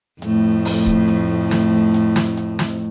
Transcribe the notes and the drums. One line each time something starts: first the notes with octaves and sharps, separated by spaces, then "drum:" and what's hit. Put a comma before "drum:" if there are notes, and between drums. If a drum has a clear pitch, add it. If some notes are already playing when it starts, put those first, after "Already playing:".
F2 A2 A3, drum: hi-hat
drum: open hi-hat
drum: kick
drum: hi-hat
drum: snare
drum: hi-hat
drum: snare
drum: hi-hat
drum: snare